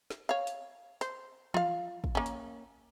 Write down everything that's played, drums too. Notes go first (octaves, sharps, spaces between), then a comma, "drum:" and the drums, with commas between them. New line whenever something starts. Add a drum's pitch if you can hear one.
drum: snare
C#5 F5
drum: hi-hat
C5, drum: hi-hat
F4 F5, drum: tom E3
drum: kick
A#3 C#4
drum: hi-hat